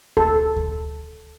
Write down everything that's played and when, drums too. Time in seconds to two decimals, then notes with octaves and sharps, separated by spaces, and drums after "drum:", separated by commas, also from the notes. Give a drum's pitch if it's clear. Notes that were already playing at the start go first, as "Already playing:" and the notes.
0.17 A4, drum: kick D2
0.56 drum: kick D2